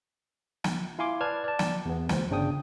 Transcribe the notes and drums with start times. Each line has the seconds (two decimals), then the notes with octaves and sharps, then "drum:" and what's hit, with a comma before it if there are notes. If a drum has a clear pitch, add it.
0.64 drum: snare
0.99 E4 F5 G#5 C6 D6
1.20 B4 D5 A5 F6 G#6
1.44 D5 A5
1.59 drum: snare
1.86 E2 B3
2.09 D2 C5, drum: snare
2.30 G1 C#3 D4 G5 D#6